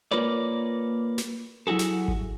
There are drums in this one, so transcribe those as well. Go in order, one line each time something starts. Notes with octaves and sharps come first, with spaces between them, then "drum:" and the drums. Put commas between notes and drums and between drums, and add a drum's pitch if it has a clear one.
A#3 F4 A#4 B4 C#5 D5
drum: snare
F#3 E4 F#4 G#4 A4
drum: snare
drum: kick G#1